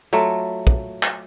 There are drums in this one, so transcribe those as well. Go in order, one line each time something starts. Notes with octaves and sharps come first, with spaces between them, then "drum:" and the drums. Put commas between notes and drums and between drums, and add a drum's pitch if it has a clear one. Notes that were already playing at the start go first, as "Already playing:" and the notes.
F#3 A3 F4
drum: kick
drum: clap